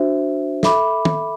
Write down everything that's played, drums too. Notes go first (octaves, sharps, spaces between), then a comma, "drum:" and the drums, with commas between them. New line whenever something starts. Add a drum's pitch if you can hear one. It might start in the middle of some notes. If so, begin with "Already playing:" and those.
Already playing: D4 F#4 C5 E5
A4 E5 B5 D6, drum: snare
drum: tom